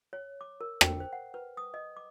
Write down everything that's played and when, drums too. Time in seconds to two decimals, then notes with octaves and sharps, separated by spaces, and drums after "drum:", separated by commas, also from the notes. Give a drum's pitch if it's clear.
0.13 C#5
0.41 D6
0.61 A#4
0.81 G5, drum: rim click
1.00 C5
1.13 F#5
1.34 B4
1.57 D#6
1.74 D#5
1.97 D6